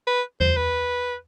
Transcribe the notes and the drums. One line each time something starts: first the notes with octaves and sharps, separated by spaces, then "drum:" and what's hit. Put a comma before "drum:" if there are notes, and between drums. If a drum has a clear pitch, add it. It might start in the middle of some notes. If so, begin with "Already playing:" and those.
B4
C5, drum: tom E2
B4